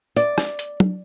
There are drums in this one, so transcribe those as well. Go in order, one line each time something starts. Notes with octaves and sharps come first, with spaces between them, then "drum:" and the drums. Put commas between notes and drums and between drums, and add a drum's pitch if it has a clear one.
D5, drum: hi-hat
drum: rim click
drum: hi-hat
drum: tom